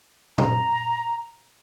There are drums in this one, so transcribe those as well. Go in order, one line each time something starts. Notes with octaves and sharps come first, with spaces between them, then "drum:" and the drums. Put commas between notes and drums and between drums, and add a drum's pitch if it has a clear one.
A#5, drum: tom A#2